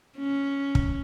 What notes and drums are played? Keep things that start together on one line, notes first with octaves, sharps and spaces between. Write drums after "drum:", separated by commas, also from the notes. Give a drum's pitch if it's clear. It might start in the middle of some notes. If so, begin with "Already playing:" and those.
C#4
drum: kick